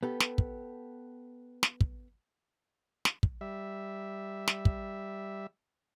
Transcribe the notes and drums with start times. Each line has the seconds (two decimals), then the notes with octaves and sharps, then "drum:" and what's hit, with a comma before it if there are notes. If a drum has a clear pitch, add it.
0.03 B3 G4 A4
0.20 drum: snare
0.38 drum: kick
1.63 drum: snare
1.81 drum: kick
3.05 drum: snare
3.23 drum: kick
3.41 G3 E5
4.48 drum: snare
4.65 drum: kick